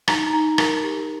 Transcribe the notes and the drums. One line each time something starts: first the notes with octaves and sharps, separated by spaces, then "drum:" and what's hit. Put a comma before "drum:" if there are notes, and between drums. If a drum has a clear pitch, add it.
D#4 A#5, drum: rim click
D#4 A#5
A#4, drum: rim click
G4